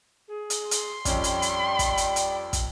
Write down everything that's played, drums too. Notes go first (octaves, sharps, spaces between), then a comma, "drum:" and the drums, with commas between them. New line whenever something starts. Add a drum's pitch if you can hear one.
G#4
drum: hi-hat
C6, drum: hi-hat
F2 G3 C#4 G5, drum: kick, hi-hat
drum: hi-hat
drum: hi-hat
drum: kick, hi-hat
drum: hi-hat
drum: hi-hat
drum: kick, hi-hat